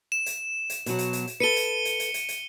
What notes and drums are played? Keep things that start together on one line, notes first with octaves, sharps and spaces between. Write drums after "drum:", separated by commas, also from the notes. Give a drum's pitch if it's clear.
E7
drum: hi-hat
drum: hi-hat
B2 F#3, drum: hi-hat
drum: hi-hat
drum: hi-hat
drum: hi-hat
A4 B4 C#7 D#7 G7
drum: hi-hat
drum: hi-hat
drum: hi-hat
drum: hi-hat
drum: hi-hat